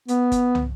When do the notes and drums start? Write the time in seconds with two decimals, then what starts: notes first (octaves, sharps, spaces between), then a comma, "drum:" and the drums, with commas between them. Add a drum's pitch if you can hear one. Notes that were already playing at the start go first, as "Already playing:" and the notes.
0.08 B3, drum: hi-hat
0.32 drum: kick G1, hi-hat
0.55 drum: tom